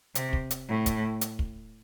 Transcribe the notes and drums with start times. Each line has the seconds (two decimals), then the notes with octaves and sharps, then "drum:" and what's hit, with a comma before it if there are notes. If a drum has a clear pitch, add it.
0.15 C3, drum: hi-hat
0.33 drum: kick
0.51 drum: hi-hat
0.69 A2
0.86 drum: kick, hi-hat
1.21 drum: hi-hat
1.39 drum: kick